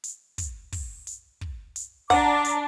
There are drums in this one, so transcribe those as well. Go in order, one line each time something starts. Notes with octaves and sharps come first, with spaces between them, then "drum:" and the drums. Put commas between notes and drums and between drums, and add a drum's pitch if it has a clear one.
drum: hi-hat
drum: kick, hi-hat
drum: kick, open hi-hat
drum: hi-hat
drum: kick
drum: hi-hat
D4 F#5 A#5 D6, drum: kick, open hi-hat
drum: hi-hat